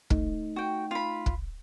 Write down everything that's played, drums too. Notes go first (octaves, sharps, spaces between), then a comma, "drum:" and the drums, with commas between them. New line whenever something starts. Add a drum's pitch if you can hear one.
A3 D#4, drum: kick
F#4 G5
F4 B5
drum: kick